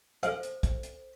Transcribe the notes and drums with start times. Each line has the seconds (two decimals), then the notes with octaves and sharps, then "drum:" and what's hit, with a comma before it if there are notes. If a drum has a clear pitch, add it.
0.23 A4 C5 F5, drum: hi-hat
0.43 drum: hi-hat
0.63 drum: kick, hi-hat
0.83 drum: hi-hat